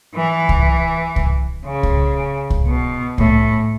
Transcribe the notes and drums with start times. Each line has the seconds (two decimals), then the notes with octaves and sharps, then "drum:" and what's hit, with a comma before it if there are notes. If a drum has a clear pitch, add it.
0.15 E3
0.49 drum: kick C2
1.16 drum: kick C2
1.66 C#3
1.83 drum: kick C2
2.50 drum: kick C2
2.67 B2
3.18 A2, drum: kick C2